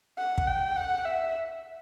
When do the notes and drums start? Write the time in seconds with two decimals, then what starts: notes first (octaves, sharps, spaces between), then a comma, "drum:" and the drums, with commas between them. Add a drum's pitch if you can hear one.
0.18 F#5
0.38 drum: kick
0.47 G5
0.76 F#5
1.05 E5